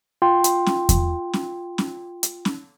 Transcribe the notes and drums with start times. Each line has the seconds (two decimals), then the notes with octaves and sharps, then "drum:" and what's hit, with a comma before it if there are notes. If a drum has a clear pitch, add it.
0.22 F4 G5 C6
0.44 drum: hi-hat
0.66 drum: snare C#4
0.89 drum: kick E2, hi-hat
1.33 drum: snare C#4
1.78 drum: snare C#4
2.23 drum: hi-hat
2.45 drum: snare C#4